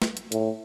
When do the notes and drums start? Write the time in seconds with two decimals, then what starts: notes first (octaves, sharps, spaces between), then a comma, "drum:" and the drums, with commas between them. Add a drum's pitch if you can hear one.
0.02 drum: snare
0.17 drum: hi-hat
0.32 A2, drum: hi-hat